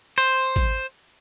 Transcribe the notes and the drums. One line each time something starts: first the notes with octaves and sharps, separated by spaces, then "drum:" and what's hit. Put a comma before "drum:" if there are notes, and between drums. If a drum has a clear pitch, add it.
C5, drum: hi-hat
drum: kick, hi-hat